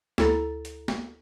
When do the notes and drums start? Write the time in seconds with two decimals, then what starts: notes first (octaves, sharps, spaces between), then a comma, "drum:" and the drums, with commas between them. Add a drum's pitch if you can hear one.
0.18 D2 E4 A4 A#5 A6, drum: snare
0.65 drum: hi-hat
0.88 drum: snare